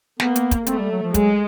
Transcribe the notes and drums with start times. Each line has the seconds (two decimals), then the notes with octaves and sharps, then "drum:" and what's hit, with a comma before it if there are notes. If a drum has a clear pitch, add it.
0.20 A#3 B3, drum: snare
0.36 drum: hi-hat
0.51 drum: kick, hi-hat
0.67 A3 C4, drum: hi-hat
0.78 G3
0.91 F#3
1.03 F3
1.14 F#3 G#3, drum: kick, hi-hat